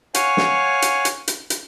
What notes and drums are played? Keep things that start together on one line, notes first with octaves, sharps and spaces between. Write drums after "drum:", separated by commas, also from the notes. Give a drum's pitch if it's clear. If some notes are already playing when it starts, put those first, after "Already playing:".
C#5 F5 F#5 G#5, drum: hi-hat
drum: snare
drum: hi-hat
drum: hi-hat
drum: hi-hat
drum: hi-hat